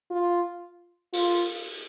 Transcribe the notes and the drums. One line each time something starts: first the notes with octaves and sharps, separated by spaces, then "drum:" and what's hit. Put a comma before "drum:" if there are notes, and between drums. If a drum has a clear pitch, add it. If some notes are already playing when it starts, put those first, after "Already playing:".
F4
F4, drum: open hi-hat